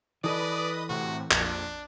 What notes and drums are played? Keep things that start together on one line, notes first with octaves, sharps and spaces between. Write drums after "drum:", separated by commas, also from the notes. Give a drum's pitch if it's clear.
E3 A4 B4 D5 D#5 D#6
A2 C3 F#4
A#1 F2 D4, drum: clap